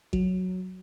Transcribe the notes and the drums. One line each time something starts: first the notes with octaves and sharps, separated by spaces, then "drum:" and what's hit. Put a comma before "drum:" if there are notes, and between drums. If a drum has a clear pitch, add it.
F#3, drum: kick A1